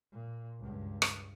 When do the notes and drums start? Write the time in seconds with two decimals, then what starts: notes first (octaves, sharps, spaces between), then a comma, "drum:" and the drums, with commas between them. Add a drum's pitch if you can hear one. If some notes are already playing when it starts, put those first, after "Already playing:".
0.12 A#2
0.60 C#2 G2
1.02 drum: rim click